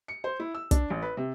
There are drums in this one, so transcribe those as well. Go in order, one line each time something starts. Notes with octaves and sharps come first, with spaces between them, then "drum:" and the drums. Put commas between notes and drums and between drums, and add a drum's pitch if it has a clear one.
C#7
C5
E4
E6
D4, drum: kick, hi-hat
A1
B4
C3